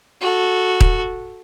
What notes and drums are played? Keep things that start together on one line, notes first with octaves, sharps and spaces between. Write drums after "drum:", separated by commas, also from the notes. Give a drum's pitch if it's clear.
F#4 A4
drum: kick D#1